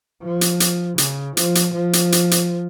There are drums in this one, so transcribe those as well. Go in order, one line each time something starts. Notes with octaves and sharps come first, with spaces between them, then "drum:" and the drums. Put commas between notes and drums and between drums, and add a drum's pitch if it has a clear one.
F3
drum: hi-hat
drum: hi-hat
C#3, drum: hi-hat
F3, drum: hi-hat
drum: hi-hat
F3
drum: hi-hat
drum: hi-hat
drum: hi-hat